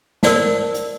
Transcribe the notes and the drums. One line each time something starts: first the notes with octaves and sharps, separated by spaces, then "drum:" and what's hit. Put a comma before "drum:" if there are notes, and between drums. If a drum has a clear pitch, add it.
A#4 C5 D5 F#5 A5, drum: snare
drum: hi-hat